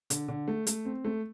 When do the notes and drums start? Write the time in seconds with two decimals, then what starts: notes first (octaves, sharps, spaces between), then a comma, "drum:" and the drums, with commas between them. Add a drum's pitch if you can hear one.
0.10 D3, drum: hi-hat
0.28 D3
0.48 A3
0.67 A3, drum: hi-hat
0.85 C4
1.05 A3